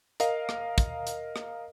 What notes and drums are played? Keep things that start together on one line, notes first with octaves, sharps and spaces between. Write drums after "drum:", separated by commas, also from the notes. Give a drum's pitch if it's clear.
A#4 D#5 F5, drum: hi-hat
drum: rim click
drum: kick, hi-hat
drum: hi-hat
drum: rim click